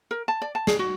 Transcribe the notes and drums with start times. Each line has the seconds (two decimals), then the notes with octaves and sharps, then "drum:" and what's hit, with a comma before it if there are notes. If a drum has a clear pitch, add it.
0.11 A#4
0.28 A5
0.42 D5
0.55 A5
0.67 G#4, drum: snare
0.79 F#4